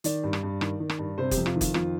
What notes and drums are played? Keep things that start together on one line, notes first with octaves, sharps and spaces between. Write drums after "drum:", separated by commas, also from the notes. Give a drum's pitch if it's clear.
D#3 D5, drum: hi-hat
G2
drum: rim click
G2
D#3, drum: rim click
D#3
drum: rim click
G2
C3 C5
G4, drum: kick F#1, hi-hat
F2
F4, drum: rim click
D#3
F4, drum: kick F#1, hi-hat
F2 F4, drum: rim click